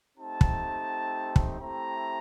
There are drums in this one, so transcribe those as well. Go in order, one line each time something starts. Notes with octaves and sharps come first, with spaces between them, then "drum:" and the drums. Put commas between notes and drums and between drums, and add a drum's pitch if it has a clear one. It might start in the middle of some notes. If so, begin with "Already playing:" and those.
A3 C4 D#4 G4 A5
drum: kick
drum: kick
A3 C4 E4 G4 A#5